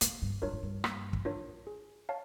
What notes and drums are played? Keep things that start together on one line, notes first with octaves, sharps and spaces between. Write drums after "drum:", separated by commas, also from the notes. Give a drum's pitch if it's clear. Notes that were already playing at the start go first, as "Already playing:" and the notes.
G#2 A#3, drum: hi-hat
G2
G2 D4 F4 A#4 C#5
G#2
G2
A#3, drum: rim click
drum: kick
D4 F4 A#4 C#5
G#4
C#5 F5 A5